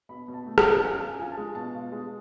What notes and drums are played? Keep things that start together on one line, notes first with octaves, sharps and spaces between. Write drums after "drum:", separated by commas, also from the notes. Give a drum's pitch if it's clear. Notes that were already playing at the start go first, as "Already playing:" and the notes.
B2 B5
B2
A5
A3
F#5, drum: rim click
C#4
A5
C#3 G#5
C#3
F3 G#5
A5
G#3
B2 A5
F4
G#3